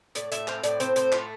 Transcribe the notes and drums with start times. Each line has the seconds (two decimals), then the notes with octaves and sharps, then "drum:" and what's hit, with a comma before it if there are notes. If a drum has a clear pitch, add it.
0.15 A2 D5, drum: hi-hat
0.32 A2 E5, drum: hi-hat
0.48 C4 F5, drum: clap
0.63 A2 D5, drum: hi-hat
0.80 C4 C5, drum: hi-hat
0.96 A2 C5, drum: hi-hat
1.12 A3 F4, drum: clap